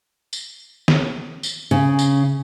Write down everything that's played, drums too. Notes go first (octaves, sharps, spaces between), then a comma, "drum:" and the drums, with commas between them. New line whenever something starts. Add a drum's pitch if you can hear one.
drum: tambourine
drum: snare
drum: tambourine
C#3
drum: tambourine